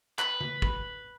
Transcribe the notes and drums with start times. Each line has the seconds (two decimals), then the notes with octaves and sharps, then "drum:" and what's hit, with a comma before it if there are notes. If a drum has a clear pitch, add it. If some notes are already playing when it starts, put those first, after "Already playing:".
0.19 B4, drum: clap
0.41 drum: tom C#3
0.62 drum: kick